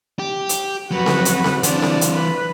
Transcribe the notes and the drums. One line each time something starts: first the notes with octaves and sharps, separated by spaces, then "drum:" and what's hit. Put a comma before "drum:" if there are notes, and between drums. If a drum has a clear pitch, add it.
G4
drum: hi-hat
F2 F#3 F#4 B4
drum: snare C4
drum: hi-hat
drum: snare C4
E3 D4 C5 D5, drum: hi-hat
drum: snare C4
drum: hi-hat
B4